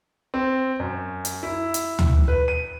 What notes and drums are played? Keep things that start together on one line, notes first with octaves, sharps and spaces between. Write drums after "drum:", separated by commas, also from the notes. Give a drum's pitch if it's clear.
C4
F#2
drum: hi-hat
E4
drum: hi-hat
drum: tom D2
B4
D#7